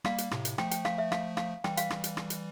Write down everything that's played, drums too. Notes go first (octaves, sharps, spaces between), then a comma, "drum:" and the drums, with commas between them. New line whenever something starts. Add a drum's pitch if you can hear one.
G3 A#3 F5, drum: rim click
drum: hi-hat
A2 C3, drum: rim click
drum: hi-hat
F3 A3 G5, drum: rim click
G5, drum: hi-hat
F5, drum: rim click
E5
F5, drum: rim click
F5, drum: rim click
E3 G3 G5, drum: rim click
F5, drum: hi-hat
drum: rim click
drum: hi-hat
drum: rim click
drum: hi-hat